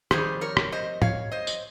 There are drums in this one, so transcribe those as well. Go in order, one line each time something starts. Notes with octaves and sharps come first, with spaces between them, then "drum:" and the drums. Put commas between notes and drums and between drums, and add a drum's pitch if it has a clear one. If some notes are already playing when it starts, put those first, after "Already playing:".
F2 D#3 G3 G#4 C5, drum: rim click
A#4 C#5
drum: rim click
C5 D#5
C#5 F5, drum: tom
C5 D#5
drum: tambourine